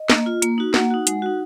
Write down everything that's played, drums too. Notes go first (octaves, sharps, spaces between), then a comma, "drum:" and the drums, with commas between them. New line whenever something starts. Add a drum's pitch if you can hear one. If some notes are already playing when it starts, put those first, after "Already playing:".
Already playing: D#5
A#3, drum: snare
F4
A#3, drum: hi-hat
D#4 F#4
A#3 F#5, drum: snare
D#4 F#4
G#3, drum: hi-hat
D#4 F#4